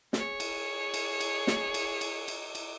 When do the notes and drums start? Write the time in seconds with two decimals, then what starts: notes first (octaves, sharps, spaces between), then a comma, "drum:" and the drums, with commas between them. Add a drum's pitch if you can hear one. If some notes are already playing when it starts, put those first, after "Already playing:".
0.13 G#4 C#5, drum: snare
0.40 drum: cymbal
0.94 drum: cymbal
1.20 drum: cymbal
1.47 drum: snare
1.74 drum: cymbal
2.01 drum: cymbal
2.28 drum: cymbal
2.55 drum: cymbal